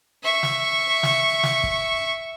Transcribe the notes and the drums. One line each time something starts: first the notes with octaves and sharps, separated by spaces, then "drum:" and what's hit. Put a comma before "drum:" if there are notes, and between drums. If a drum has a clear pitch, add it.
E5 C#6
drum: snare
drum: snare
drum: snare
drum: kick